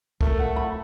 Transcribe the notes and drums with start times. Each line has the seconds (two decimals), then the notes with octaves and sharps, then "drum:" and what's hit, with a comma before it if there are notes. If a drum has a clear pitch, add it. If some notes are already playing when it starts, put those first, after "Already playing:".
0.21 A3 A#4, drum: kick
0.39 F#5
0.56 B5